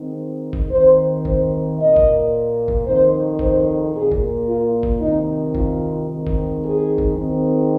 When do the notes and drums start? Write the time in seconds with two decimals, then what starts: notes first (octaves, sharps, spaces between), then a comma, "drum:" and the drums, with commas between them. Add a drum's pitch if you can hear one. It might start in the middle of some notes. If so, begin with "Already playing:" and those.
Already playing: G#2 D#3 C4
0.53 drum: kick G1
0.71 D#2 D#3 C4 C5
1.25 C5, drum: kick G1
1.79 A#2 A#3 D#5
1.96 drum: kick G1
2.68 drum: kick G1
2.86 F2 D#3 C4 C5
3.39 C5, drum: kick G1
3.94 A#2 A#3 G#4
4.12 drum: kick G1
4.47 F4
4.83 drum: kick G1
5.01 C3 D#3 C4 D#4
5.55 F4, drum: kick G1
6.09 G#2 D#3 C4
6.27 drum: kick G1
6.62 G#4
6.98 drum: kick G1
7.17 G#2 D#3 G#3 C4